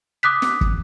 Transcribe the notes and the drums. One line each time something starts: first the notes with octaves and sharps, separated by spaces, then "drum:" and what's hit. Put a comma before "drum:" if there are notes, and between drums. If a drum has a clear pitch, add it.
D6 D#6 F#6 B6
drum: snare
drum: kick